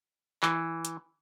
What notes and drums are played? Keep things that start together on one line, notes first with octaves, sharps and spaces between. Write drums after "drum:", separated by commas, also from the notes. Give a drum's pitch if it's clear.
E3, drum: clap
drum: hi-hat